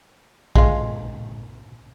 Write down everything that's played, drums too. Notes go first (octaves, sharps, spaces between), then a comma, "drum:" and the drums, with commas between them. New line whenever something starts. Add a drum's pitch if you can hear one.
G#3 F4, drum: kick A#1